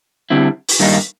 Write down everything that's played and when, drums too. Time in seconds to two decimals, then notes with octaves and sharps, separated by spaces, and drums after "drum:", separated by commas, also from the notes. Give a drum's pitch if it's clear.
0.30 D3 G3 C4 E4
0.68 drum: open hi-hat
0.79 G2 D#3 G3 A#3 D#4